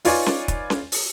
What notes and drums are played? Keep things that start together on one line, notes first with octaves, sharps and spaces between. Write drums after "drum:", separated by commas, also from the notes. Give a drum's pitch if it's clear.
D#4 F4 B4 C#5 D5 G#5, drum: open hi-hat
drum: snare C#4
drum: kick, hi-hat
drum: snare C#4
drum: open hi-hat